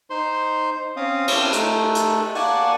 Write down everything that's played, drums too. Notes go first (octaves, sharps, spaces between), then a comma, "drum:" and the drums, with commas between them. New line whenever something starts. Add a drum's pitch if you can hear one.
D#4 C5 C6
C4 C#4 F5 D#6
C4 C#4 E4 G4 F5, drum: cymbal
A3 D#4 A4, drum: hi-hat
drum: hi-hat
A#3 D5 F#5 G#5 A5 C#6, drum: open hi-hat